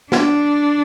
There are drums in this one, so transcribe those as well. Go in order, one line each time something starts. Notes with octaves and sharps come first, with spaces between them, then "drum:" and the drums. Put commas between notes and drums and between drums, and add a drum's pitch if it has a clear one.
D4, drum: snare